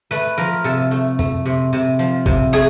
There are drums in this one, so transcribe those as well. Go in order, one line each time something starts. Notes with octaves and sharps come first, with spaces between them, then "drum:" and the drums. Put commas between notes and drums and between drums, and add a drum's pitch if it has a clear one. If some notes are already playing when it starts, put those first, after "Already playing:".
A3 B4
F3 A#4
C3 A4
A3
A3, drum: tom F2
C3
C3
F3
C3, drum: kick G1
A3 G#4